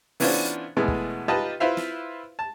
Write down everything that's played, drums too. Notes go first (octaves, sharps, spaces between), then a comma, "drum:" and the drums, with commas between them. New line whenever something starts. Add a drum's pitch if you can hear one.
E3 B3 C#4 D4 F4 C5, drum: open hi-hat
B2 E3 G#3 A3 B3
drum: kick
D#4 F4 G4 B4 D#5 A5
E4 F4 B4 C5 E5 F5
drum: snare
A5